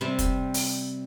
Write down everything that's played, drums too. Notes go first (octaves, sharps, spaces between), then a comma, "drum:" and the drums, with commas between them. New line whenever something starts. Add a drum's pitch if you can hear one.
C3 G3 C4
drum: kick, hi-hat
drum: open hi-hat